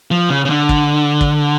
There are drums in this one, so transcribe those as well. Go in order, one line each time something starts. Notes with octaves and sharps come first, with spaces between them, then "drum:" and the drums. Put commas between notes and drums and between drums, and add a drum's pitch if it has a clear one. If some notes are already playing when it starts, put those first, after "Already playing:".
F3
C#3
C#3
D3
drum: kick
drum: kick